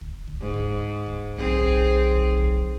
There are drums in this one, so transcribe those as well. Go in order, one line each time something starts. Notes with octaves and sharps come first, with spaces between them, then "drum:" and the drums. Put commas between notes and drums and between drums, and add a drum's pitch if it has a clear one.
drum: kick C#2
drum: kick C#2
G#2
drum: kick C#2
drum: kick C#2
B1 C4 G#4
drum: kick C#2
drum: kick C#2
drum: kick C#2